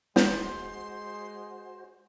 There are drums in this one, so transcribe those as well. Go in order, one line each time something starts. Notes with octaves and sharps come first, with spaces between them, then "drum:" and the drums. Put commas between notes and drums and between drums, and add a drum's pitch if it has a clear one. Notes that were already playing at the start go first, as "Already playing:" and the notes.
G#3 F#4 C5 C6 G6, drum: snare